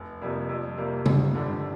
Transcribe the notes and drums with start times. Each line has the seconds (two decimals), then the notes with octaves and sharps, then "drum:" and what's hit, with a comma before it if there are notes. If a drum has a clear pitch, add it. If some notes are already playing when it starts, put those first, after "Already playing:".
Already playing: F1
0.21 F2 C3 G3 A#3
0.49 F2
0.78 C3 G3 A#3
1.06 G1, drum: tom C#3
1.34 F2 D3 G3 D4